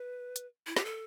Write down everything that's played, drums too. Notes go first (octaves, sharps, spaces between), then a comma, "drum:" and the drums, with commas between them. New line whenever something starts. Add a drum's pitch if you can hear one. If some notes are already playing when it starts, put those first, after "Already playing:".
Already playing: B4
drum: hi-hat
E4
G4, drum: snare
A4